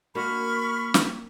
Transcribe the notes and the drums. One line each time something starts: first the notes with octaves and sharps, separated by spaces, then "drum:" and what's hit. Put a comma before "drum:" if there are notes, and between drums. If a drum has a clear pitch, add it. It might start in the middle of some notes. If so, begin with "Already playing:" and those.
A#3 D4 F#4 B5 C#6 F6
drum: snare